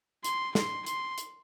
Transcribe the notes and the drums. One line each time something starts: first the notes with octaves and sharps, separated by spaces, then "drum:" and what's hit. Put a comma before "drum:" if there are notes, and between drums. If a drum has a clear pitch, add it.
C6, drum: hi-hat
C6, drum: snare
C6, drum: hi-hat
drum: hi-hat